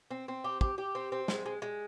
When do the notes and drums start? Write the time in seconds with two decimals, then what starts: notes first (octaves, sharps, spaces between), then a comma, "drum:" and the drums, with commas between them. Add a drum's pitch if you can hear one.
0.11 C4
0.28 C4
0.44 G4
0.61 G4, drum: kick
0.78 G4
0.95 C4
1.12 C4
1.28 G#3, drum: snare
1.46 G#3
1.62 G#3